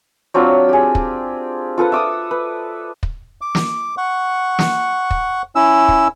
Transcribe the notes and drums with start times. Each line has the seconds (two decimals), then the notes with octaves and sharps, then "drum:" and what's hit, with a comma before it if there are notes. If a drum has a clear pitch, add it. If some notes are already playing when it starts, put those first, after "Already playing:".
0.34 F#3 C4 D4 F4
0.69 G4 G#4
0.95 drum: kick
1.78 F4 A4 B4 F#5
1.92 E5 D6 D#6
2.31 B4
3.03 drum: kick
3.41 D6
3.55 drum: snare
3.98 F#5 C#6
4.59 drum: snare
5.11 drum: kick
5.55 C#4 E4 E6
5.88 drum: kick